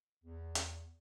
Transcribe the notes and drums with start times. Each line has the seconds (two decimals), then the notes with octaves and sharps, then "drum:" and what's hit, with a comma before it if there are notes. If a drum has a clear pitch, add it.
0.24 E2
0.55 drum: hi-hat